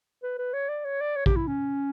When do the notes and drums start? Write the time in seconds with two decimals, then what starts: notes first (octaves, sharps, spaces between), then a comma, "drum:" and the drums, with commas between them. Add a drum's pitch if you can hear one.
0.23 B4
0.38 B4
0.53 C#5
0.69 D5
0.85 C#5
1.01 D5
1.16 C#5
1.26 G4, drum: kick
1.36 E4
1.47 C#4